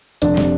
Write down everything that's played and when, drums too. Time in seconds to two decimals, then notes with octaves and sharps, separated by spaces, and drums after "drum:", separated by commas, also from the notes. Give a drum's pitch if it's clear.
0.22 F1 D4, drum: hi-hat
0.37 C3, drum: snare